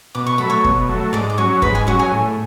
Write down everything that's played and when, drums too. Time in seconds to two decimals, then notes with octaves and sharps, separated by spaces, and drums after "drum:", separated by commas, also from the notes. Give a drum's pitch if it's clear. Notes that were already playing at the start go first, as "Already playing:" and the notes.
0.15 B2 D6
0.26 C#6
0.38 F#3 A3 B5
0.50 C#5 C#6
0.64 B2, drum: kick
0.89 F#3 A3
1.13 G#2 D5 D6
1.30 D6
1.38 F#3 C#4 C#5 C#6
1.62 G#2 B4 B5, drum: kick
1.74 G#4 G#5
1.87 F#3 C#4 F#4 F#5
1.99 G#4 G#5
2.12 A2